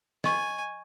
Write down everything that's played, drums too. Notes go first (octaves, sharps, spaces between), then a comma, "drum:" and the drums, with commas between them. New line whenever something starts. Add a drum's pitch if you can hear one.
D#5 G#5 C#6, drum: snare